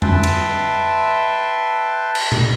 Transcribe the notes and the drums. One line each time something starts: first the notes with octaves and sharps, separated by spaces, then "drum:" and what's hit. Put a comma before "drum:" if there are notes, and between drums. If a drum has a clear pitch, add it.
B4 E5 G5 A5 C6, drum: tom F2
drum: cymbal
drum: cymbal
drum: tom A#2